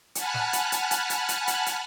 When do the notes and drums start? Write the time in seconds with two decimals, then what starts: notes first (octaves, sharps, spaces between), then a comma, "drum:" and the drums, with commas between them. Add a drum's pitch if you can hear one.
0.15 F#5 G#5 A5 B5 F6 F#6, drum: hi-hat
0.34 drum: snare
0.53 drum: hi-hat
0.72 drum: hi-hat
0.91 drum: hi-hat
1.10 drum: hi-hat
1.29 drum: hi-hat
1.47 drum: hi-hat
1.66 drum: hi-hat